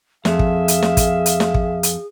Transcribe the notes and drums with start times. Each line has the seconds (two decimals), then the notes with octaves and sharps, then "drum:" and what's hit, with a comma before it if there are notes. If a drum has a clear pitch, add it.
0.25 F2 G#4 E5 F5, drum: snare
0.39 drum: kick
0.68 drum: hi-hat
0.82 drum: snare
0.97 drum: kick, hi-hat
1.26 drum: hi-hat
1.40 drum: snare
1.54 drum: kick
1.83 drum: hi-hat